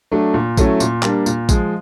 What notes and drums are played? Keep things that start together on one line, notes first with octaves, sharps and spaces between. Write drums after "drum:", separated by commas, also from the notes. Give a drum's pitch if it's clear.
F#3 A3 D4
A#2
F#3 A3 C#4 E4, drum: kick A#1, tambourine
A#2, drum: tambourine
G3 A#3 D4, drum: clap
A#2, drum: tambourine
F3 G#3, drum: kick A#1, tambourine